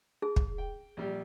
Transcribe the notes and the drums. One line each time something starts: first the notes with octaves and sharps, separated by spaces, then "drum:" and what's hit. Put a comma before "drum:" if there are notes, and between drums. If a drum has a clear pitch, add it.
G#4
drum: kick
G5
A#1 G3 G4